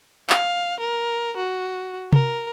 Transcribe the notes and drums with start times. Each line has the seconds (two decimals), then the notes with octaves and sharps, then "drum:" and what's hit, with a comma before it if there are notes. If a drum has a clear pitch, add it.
0.30 F5, drum: clap
0.80 A#4
1.37 F#4
2.13 A#4, drum: tom C3